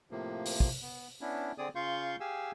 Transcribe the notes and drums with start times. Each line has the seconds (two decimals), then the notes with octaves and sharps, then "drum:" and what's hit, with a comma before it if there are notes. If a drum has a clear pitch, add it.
0.11 A2 C3 F3 A#3
0.45 drum: open hi-hat
0.60 drum: kick
0.82 B3
1.21 B3 C#4 D4 E4
1.58 D3 C4 G#4 D5 D#6
1.75 C#3 F4 F5 C6 C#6 G6
2.20 G4 G#4 F5 G#5 E6